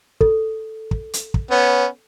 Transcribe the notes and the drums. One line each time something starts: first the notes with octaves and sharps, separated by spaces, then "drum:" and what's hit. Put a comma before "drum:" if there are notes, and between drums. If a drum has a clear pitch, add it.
A4, drum: kick
drum: kick
drum: hi-hat
drum: kick
B3 C#4